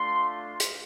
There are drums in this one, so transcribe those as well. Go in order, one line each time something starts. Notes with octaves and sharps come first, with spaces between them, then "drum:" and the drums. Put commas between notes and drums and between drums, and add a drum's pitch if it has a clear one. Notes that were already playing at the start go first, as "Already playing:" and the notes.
Already playing: A3 D4 F4 C6
drum: hi-hat